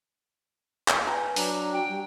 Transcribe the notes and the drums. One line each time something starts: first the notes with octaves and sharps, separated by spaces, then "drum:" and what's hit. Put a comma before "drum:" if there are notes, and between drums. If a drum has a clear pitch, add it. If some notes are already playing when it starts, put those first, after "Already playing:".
drum: clap
B4 G5 G#5 A#5
F#3 D4, drum: open hi-hat
F#4 G5
G3